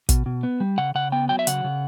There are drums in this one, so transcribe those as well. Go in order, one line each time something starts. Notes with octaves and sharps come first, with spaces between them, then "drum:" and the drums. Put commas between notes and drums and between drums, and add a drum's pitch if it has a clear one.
B2, drum: kick, hi-hat
B2
B3
G3
C#3 F#5
C#3 F#5
B3 G5
F#3 G5
E5
C#3 F#5, drum: hi-hat
C#3